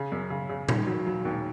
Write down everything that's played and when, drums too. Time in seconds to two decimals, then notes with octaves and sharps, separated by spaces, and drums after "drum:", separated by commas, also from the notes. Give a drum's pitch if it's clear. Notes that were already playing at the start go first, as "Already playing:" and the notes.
Already playing: C#3
0.12 F#2
0.30 C#3
0.49 C#3
0.69 D#3, drum: tom A#2
0.87 F#3
1.07 F#3
1.25 D#2